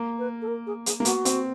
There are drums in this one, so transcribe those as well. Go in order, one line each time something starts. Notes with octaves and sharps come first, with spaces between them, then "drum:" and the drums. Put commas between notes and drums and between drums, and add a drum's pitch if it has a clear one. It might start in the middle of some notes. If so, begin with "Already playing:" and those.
Already playing: A#3
B4
A4
A#4
G#4
G#4, drum: hi-hat
A#3
B3 F#4, drum: hi-hat
C4, drum: hi-hat